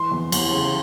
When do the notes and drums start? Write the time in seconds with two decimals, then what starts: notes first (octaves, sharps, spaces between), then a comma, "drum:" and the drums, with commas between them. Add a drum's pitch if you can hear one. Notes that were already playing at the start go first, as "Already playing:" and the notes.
Already playing: E3 C6
0.12 E2
0.32 E2, drum: cymbal
0.53 C#3